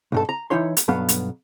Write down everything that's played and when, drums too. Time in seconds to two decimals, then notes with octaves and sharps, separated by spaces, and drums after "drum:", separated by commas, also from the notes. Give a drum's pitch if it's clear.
0.12 B1 G2 A4
0.29 A#5
0.50 E3 D#4 E4 C#5 C6
0.77 drum: hi-hat
0.88 B1 G2 F#3 B3 F5
1.09 drum: hi-hat